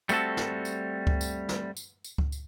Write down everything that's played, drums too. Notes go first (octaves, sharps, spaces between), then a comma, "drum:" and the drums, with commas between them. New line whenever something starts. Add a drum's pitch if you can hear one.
G3 A3 C4 F#4 A4, drum: tambourine
drum: snare
drum: tambourine
drum: kick C#2
drum: tambourine
drum: snare
drum: tambourine
drum: tambourine
drum: kick C#2
drum: tambourine